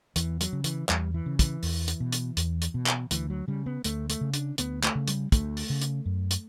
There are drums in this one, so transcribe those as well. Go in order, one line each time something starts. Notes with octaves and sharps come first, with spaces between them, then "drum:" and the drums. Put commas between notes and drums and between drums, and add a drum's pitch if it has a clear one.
E2 E3, drum: hi-hat
F#3, drum: hi-hat
C#3
E3, drum: hi-hat
E2 G3, drum: clap
E3
C#3
E3, drum: kick, hi-hat
E2, drum: open hi-hat
drum: hi-hat
B2
drum: hi-hat
E2, drum: hi-hat
drum: hi-hat
B2
drum: clap
D2 E3, drum: hi-hat
F#3
C#3 G3
B3
D2 A3, drum: hi-hat
A3, drum: hi-hat
C#3
D4, drum: hi-hat
D2 B3, drum: hi-hat
A3, drum: clap
C#3
G3, drum: hi-hat
D2 A3, drum: kick, hi-hat
drum: open hi-hat
C#3
drum: hi-hat
F#2
drum: hi-hat